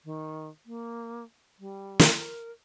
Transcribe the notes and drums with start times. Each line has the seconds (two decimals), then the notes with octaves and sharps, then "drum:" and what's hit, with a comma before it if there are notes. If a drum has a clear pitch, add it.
0.05 D#3
0.66 A#3
1.59 G3
1.99 drum: snare
2.10 A#4